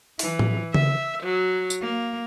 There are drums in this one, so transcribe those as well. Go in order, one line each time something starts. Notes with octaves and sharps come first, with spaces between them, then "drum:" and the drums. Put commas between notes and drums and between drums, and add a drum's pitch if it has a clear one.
E3, drum: open hi-hat
drum: tom A2
E5, drum: tom C#3
F#3
drum: tambourine
A#3